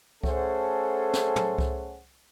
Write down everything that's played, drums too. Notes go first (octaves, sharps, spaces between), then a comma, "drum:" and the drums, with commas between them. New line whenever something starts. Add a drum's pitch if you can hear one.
A3 C#4 G#4 A4 C5 F#5, drum: kick C2
drum: snare
drum: tom
drum: kick C2